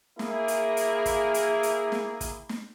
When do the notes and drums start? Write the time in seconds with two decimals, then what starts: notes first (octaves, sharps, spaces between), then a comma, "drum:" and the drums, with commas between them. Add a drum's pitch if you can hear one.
0.19 A#3 E4 G#4, drum: snare
0.48 drum: hi-hat
0.77 drum: hi-hat
1.06 drum: kick, hi-hat
1.34 drum: hi-hat
1.63 drum: hi-hat
1.92 drum: snare
2.21 drum: kick, hi-hat
2.49 drum: snare